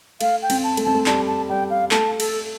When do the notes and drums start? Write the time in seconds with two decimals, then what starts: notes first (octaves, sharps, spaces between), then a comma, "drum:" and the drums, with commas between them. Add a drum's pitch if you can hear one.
0.21 A3 F5, drum: cymbal
0.42 G5
0.50 C4, drum: cymbal
0.64 A5
0.77 A3, drum: cymbal
0.84 C4 A5
0.94 A3
1.06 G3 A5, drum: clap
1.27 A5
1.49 G3 G5
1.70 F5
1.91 A3 A5, drum: clap
2.20 A4, drum: cymbal